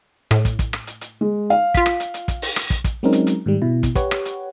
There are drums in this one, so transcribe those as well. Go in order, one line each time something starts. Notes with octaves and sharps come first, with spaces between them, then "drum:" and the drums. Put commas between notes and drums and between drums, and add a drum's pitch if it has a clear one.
A2, drum: rim click
drum: kick, hi-hat
drum: kick, hi-hat
drum: rim click
drum: hi-hat
drum: hi-hat
G#3
F5
F4 B6, drum: kick, hi-hat
drum: rim click
drum: hi-hat
drum: hi-hat
drum: kick, hi-hat
drum: open hi-hat
drum: rim click
drum: kick, hi-hat
drum: kick, hi-hat
F#3 G#3 C4 C#4 D#4 A#4
drum: hi-hat
drum: hi-hat
G#2 D#3 G3
B2 E4
drum: kick, hi-hat
G4 B4 C#5 F#5, drum: kick, hi-hat
drum: rim click
drum: hi-hat